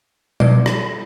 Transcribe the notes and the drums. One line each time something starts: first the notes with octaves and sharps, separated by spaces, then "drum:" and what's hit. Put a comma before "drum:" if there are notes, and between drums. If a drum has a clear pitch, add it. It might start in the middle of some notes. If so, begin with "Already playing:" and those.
B2 D5, drum: tom G3
drum: rim click